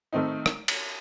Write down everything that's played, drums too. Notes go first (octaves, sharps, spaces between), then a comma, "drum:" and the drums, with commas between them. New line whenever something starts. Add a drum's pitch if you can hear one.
D#3 A3 C4 D#4
drum: rim click
drum: cymbal